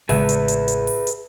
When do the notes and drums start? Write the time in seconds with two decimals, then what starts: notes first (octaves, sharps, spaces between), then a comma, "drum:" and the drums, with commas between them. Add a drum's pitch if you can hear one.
0.09 A1 C#3 G#3 G#4 B4 E5, drum: open hi-hat
0.29 drum: hi-hat
0.48 drum: hi-hat
0.68 drum: hi-hat
0.87 drum: open hi-hat
1.07 drum: hi-hat